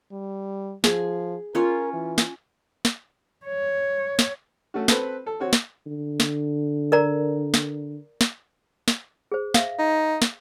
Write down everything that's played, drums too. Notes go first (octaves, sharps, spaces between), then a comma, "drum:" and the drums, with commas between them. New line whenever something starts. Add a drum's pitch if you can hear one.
G3
F3 G#4, drum: snare
C#4 F4 A#4 C#5
E3
drum: snare
drum: snare
C#5
drum: snare
A3 C#4 F#4
C4 A4 B4, drum: snare
A4
C4 F#4 C#5
drum: snare
D3
drum: snare
A#4 D5 A#5
drum: snare
drum: snare
drum: snare
G#4 C5
E5 F5, drum: snare
D#4
drum: snare